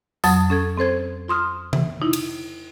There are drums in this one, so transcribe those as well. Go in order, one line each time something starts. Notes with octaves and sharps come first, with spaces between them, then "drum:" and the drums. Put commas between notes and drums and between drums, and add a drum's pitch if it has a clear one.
F2 F#3 D#6 A6, drum: tambourine
C#4 A4 G#6
C4 A4 C5 G#6
F4 C6 D#6 F6
E3, drum: tom C3
D#4 E4
drum: cymbal